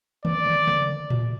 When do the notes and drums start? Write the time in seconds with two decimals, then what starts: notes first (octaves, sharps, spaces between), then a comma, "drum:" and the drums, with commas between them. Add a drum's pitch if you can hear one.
0.25 D5, drum: tom
0.46 drum: tom
0.67 drum: tom C#3
1.10 drum: tom A2